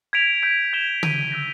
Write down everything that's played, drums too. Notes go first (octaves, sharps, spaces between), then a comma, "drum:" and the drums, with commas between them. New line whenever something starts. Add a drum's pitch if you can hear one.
G#6 B6 D7 F7
G6 B6 D7 F7
G#6 B6 E7 G7
G6 B6 D#7, drum: tom
E6 G6 A#6